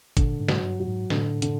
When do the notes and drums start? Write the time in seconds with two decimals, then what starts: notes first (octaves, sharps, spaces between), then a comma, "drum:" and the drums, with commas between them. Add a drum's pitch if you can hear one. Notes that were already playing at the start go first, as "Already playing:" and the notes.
0.17 A#2 D3, drum: kick, hi-hat
0.40 G#2
0.48 F#3, drum: snare
0.63 G2
0.80 F#3
0.88 G#2
1.10 A2 D3, drum: snare
1.42 D3, drum: hi-hat